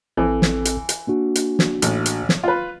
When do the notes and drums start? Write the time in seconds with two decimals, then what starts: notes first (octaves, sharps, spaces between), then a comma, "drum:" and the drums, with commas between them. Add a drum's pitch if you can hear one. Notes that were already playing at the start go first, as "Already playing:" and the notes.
0.17 A1 E3 C4 A4
0.42 drum: snare
0.65 drum: hi-hat
0.89 drum: hi-hat
1.07 A#3 D4 F#4
1.35 drum: hi-hat
1.59 drum: snare
1.82 A1, drum: hi-hat
2.06 drum: hi-hat
2.29 drum: snare
2.43 F4 B4